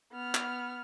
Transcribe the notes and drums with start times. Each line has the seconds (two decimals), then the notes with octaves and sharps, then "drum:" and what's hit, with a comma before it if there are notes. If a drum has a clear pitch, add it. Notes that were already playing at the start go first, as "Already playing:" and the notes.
0.12 B3 F6
0.35 drum: clap